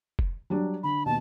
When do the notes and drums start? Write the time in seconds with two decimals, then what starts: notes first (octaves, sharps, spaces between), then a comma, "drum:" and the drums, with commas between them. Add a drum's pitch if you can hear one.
0.19 drum: kick F1
0.50 F#3 G3 D4
0.83 D3 B5
1.06 D#2 B2 A5